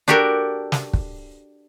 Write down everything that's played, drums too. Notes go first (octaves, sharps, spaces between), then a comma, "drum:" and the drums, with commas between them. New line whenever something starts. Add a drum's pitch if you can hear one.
D4 F#4 G4 A4 A#4
drum: snare
drum: kick